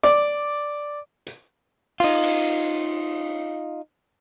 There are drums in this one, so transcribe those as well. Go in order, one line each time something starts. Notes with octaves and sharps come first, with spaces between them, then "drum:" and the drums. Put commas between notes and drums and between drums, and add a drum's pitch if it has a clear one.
D5, drum: snare
drum: hi-hat
D#4 F4, drum: open hi-hat
drum: cymbal